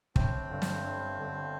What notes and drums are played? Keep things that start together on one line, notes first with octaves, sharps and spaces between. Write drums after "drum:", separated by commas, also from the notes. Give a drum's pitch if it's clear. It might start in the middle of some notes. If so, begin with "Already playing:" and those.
G1 C4, drum: kick
G2 D3
drum: snare
G1
G2 D3